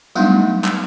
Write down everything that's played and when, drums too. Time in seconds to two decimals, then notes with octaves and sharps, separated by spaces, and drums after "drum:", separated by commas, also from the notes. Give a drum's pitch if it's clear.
0.15 F#3 G3 A3 B3 D4 D#4, drum: tambourine
0.64 drum: clap